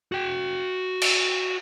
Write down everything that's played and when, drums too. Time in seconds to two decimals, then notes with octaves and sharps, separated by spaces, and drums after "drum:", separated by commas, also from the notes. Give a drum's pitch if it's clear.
0.12 F#4 G5
1.02 drum: cymbal